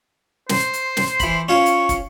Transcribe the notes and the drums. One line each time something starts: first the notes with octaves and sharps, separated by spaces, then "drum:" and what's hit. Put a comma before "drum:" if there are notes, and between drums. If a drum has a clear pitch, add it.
C5, drum: snare
drum: hi-hat
drum: snare
E3 B5, drum: kick, hi-hat
C#4 F4 C5 C#6
drum: hi-hat
drum: kick, hi-hat